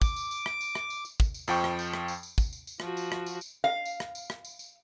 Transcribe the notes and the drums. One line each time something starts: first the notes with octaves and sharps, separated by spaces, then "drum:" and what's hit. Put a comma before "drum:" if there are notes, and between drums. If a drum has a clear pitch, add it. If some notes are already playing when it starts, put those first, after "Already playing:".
D6, drum: kick, tambourine
drum: tambourine
drum: tambourine
drum: rim click
drum: tambourine
drum: rim click
drum: tambourine
drum: tambourine
drum: kick, tambourine
drum: tambourine
F2 F3 G5 C#6, drum: tambourine
drum: rim click
drum: tambourine
drum: rim click
drum: tambourine
drum: tambourine
drum: kick, tambourine
drum: tambourine
drum: tambourine
F3 F#4, drum: rim click
drum: tambourine
drum: rim click
drum: tambourine
drum: tambourine
F5
drum: tambourine
drum: rim click
drum: tambourine
drum: rim click
drum: tambourine
drum: tambourine